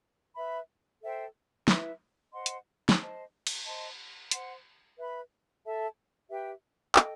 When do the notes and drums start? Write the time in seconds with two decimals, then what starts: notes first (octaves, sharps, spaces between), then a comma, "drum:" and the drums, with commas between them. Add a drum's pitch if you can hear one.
0.36 B4 E5 B5
1.02 A4 C5 E5 G5
1.68 E4 B4 E5, drum: snare
2.34 C5 D#5 F#5 C6
2.46 drum: hi-hat
2.89 drum: snare
3.00 C5 D#5 A5
3.47 drum: cymbal
3.65 C5 D#5 A5 C6
4.31 C5 F#5 C6, drum: hi-hat
4.97 B4 E5 B5
5.63 A4 E5 A5
6.30 G4 B4 E5 G5
6.96 A4 D#5 G5, drum: clap